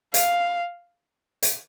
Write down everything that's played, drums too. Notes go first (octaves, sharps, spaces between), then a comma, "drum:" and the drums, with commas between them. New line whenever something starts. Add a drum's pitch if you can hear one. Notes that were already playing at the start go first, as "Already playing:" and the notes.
F5, drum: hi-hat
drum: hi-hat